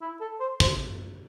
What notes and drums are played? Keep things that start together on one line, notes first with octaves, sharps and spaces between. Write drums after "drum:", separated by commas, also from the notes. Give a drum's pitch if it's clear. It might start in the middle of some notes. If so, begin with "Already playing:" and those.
E4
A4
C5
C5, drum: kick